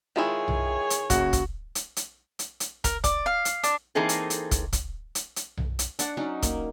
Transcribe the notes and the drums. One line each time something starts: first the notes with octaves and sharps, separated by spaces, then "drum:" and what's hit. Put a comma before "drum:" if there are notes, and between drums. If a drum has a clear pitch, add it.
D#3 G#3 E4 F4 G#4 C#5 E5 G5
drum: tom B1
drum: hi-hat
F#2 C#3 A#3 F#4, drum: kick, hi-hat
drum: kick, hi-hat
drum: hi-hat
drum: hi-hat
drum: hi-hat
drum: hi-hat
A#4, drum: kick, hi-hat
D5, drum: kick, hi-hat
F5
drum: hi-hat
D4, drum: hi-hat
E3 A#3 C4 D#4 G#4 A4
drum: hi-hat
drum: hi-hat
drum: kick, hi-hat
drum: kick, hi-hat
drum: hi-hat
drum: hi-hat
drum: tom B1
drum: hi-hat
D4 F#5 C#6, drum: hi-hat
F#3 C#4 D#4
A#3, drum: kick, hi-hat